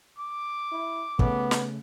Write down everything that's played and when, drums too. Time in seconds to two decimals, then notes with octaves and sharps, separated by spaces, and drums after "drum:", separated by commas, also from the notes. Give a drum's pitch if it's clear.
0.18 D6
0.72 E4
1.19 C#3 A3 B3 C#4, drum: kick
1.51 drum: snare